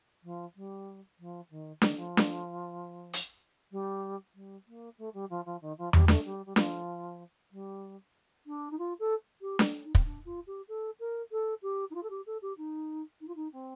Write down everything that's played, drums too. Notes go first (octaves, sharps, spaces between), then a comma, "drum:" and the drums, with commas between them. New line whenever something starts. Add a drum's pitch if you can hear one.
F3
G3
F3
D#3
F3, drum: snare D4
D#3
F3
drum: snare D4
drum: hi-hat
G3
G3
A#3
A3
G3
F3
F3
D#3
F3
G3, drum: tom E2
A3, drum: snare D4
G3
G3
F3, drum: snare D4
G3
D4
D#4
F4
A4
G4
drum: snare D4
D#4
C4, drum: kick
D4
F4
G4
A4
A#4
A4
G4
D#4
F4
A4
G4
A4
G4
D#4
D#4
F4
D#4
C4